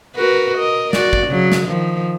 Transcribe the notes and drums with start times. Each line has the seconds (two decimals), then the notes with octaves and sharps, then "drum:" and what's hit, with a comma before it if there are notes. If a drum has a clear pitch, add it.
0.16 F#4 A#4 B4
0.57 A#4 D#5
0.93 F#4 D5, drum: snare
1.13 drum: kick
1.27 C#3 F#3
1.52 drum: snare
1.67 D#3 F3